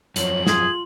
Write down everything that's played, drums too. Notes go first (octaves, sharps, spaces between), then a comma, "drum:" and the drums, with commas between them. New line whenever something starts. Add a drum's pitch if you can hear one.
F#2 F3 C#5 F#7, drum: hi-hat
F4 G#4, drum: snare